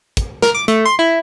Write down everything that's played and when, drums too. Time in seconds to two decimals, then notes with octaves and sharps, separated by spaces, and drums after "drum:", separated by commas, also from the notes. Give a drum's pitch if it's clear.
0.17 drum: kick, hi-hat
0.42 A#4, drum: snare
0.55 D6
0.68 A3, drum: hi-hat
0.85 C6
0.99 E4